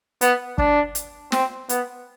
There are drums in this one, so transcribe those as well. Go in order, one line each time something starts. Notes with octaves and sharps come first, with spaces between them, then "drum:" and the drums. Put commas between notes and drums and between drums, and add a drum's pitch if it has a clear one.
B3, drum: hi-hat
D4, drum: kick
drum: hi-hat
C4, drum: snare
B3, drum: hi-hat